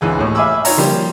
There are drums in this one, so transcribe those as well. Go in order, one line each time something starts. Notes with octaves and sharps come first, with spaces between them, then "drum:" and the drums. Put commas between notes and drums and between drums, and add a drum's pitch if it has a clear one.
C#2 G#2 E3 G#4 G#5
D#2 A2
E5 F5 G#5 B5 D6 E6
D#4 F4 C#5 A#5, drum: open hi-hat
F3 G3 A#3